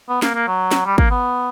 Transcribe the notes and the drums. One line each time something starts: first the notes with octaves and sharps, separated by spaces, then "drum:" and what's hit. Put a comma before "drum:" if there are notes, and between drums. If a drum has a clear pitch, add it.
B3
A#3, drum: snare
A#3
F#3
drum: snare
G3
A#3, drum: kick
B3